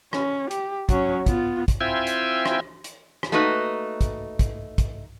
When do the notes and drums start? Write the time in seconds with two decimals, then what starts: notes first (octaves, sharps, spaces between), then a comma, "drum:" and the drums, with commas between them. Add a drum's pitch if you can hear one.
0.13 C#4, drum: rim click
0.51 G4, drum: hi-hat
0.89 F#3 C#4, drum: kick, hi-hat
1.26 B3 F4, drum: kick, hi-hat
1.68 drum: kick, hi-hat
1.81 C4 E4 F4 E5 G5 G#5
2.07 drum: hi-hat
2.46 drum: rim click
2.84 drum: hi-hat
3.23 drum: rim click
3.32 A3 A#3 D#4 F#4 B4
4.01 drum: kick, hi-hat
4.39 drum: kick, hi-hat
4.78 drum: kick, hi-hat